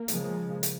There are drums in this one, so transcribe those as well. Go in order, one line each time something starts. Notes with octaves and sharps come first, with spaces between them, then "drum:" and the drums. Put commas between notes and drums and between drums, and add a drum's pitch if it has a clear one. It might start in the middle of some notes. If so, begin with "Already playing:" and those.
Already playing: A#3
C#3 F3 G#3, drum: hi-hat
drum: hi-hat